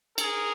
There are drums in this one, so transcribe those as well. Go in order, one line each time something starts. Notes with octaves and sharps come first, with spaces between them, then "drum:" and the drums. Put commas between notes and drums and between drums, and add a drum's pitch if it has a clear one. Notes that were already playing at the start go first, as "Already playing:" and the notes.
G#4 A#4, drum: cymbal